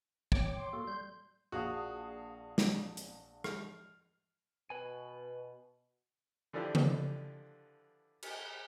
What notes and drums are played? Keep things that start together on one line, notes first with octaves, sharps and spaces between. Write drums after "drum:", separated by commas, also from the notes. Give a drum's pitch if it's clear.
C#5 G5 D6, drum: kick
C6
A#3 F#4 A4
G3 G6
A#1 F#4 G#4 F5 D#6
drum: snare
drum: hi-hat
F6, drum: rim click
B2 B4 G#5
D3 E3 F3 D4 G4
drum: tom C#3
drum: cymbal